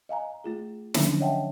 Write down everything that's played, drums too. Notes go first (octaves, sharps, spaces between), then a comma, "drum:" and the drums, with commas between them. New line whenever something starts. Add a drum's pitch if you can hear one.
D#5 F5 G#5 A#5
A3 F4 G#4
D3 F3 F#3 C#4 D4, drum: snare
C#5 D#5 E5 F#5 G5 A5